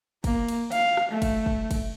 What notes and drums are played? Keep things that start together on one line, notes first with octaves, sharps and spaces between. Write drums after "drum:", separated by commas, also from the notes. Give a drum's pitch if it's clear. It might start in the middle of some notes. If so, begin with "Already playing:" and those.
A#3, drum: kick, cymbal
drum: cymbal
F5, drum: cymbal
drum: rim click
A3
drum: kick, cymbal
drum: kick
drum: kick, cymbal